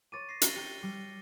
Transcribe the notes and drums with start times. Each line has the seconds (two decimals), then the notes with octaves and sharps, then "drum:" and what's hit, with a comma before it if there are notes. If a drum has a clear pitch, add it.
0.12 C#5 C6 D6 A6 D#7
0.29 A#6 C7
0.42 G7, drum: hi-hat
0.56 G4 C#7
0.83 G3 D6 A#6